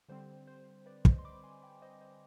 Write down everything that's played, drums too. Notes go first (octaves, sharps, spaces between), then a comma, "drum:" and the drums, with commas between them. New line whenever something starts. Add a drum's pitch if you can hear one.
D3 G3 C4 C5
C5
B4 D5
C5 D#5, drum: kick
C6
B5 D6
G#5 C6
G5 B5
C5 D#5
C5 D#5